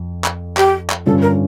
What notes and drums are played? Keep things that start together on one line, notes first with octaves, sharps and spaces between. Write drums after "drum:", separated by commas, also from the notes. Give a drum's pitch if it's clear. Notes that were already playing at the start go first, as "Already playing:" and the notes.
Already playing: F2
drum: clap
G4, drum: clap
drum: clap
G2 D3 G3 C#4 F4 A4
A#4